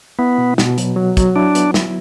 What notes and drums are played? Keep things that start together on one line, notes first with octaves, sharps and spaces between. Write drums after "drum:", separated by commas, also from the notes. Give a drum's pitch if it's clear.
B3 E4
B2
B2, drum: snare
F#3, drum: hi-hat
F#3
F#3, drum: kick, hi-hat
D4 E4
B3, drum: hi-hat
E4, drum: snare